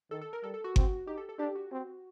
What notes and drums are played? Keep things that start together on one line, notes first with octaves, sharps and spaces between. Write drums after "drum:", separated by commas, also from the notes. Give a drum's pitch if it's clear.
D#3 A4
A4
A#4
G3 A4
A4
F#4
C4, drum: kick G1
D#4 G4
A4
A4
D4 G4
F#4
C4